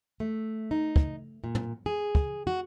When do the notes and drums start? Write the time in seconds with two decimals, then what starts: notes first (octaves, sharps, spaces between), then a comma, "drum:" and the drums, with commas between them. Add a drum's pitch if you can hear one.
0.20 A3
0.71 D#4
0.96 drum: kick
1.44 A#2
1.55 drum: tom
1.86 G#4
2.15 drum: kick
2.47 F#4